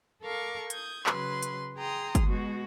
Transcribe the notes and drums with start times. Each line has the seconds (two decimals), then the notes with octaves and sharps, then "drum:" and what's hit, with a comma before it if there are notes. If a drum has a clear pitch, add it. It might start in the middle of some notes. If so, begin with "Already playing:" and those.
0.23 A4 A#4 F5 C#6 D6
0.70 D#6 G6 G#6, drum: hi-hat
1.06 C#3 F#3 B4 C6, drum: clap
1.43 drum: hi-hat
1.77 G#4 G5 A#5 C6 D#6
2.15 drum: kick, hi-hat
2.26 B2 G#3 F#4